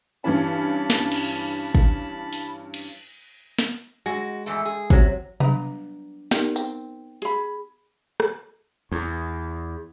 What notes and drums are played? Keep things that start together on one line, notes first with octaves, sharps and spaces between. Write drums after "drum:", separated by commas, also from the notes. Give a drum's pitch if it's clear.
G2 E3 C#4 A5 B5
drum: snare
drum: cymbal
drum: kick
drum: open hi-hat
drum: cymbal
drum: snare
G#3 F#4
E2 G#2 A3
G#4
C3 F#3, drum: kick
F#3 G3 B3 D4 B4 A#5, drum: tom C3
G3 B3 D#4 A#4, drum: snare
C4, drum: tambourine
G#4 B5, drum: hi-hat
drum: rim click
E2